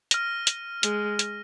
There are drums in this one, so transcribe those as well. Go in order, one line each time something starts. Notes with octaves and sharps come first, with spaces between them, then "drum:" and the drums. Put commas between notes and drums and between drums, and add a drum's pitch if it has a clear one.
F6 A#6 D#7, drum: hi-hat
drum: hi-hat
G#3, drum: hi-hat
drum: hi-hat